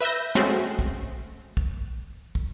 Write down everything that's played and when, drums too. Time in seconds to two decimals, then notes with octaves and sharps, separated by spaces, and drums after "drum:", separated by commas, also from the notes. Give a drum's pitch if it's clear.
0.01 B4 E5 E6 G6 A#6
0.35 G#3 A3 C4 C#4 F#4
0.79 drum: kick
1.57 drum: kick
2.35 drum: kick